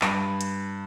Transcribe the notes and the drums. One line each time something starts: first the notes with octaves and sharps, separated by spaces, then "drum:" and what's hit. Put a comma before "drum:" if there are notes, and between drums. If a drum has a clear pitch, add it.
G2, drum: clap
drum: hi-hat